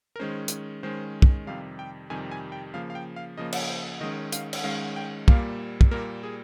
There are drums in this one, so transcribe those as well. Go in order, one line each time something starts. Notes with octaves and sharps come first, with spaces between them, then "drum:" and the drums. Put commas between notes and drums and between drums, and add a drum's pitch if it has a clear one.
A#4
D#3 G#3 C#4 C5
drum: hi-hat
D#3 G#3 C#4 C5
drum: kick
F2 C3 D#3 G3 F5
G5
F2 C3 D#3 G3 G#5
G#5
G5
C#3 F3 A#3 F5
F5
G5
F5
C#3 F3 A#3 D#5
drum: cymbal
C5
D#3 G#3 C#4 D#5
F5, drum: hi-hat
drum: cymbal
D#3 G#3 C#4 F5
G5
A#2 G3 A#3 F5, drum: kick
drum: kick
A#2 G3 A#3 A#4
G#4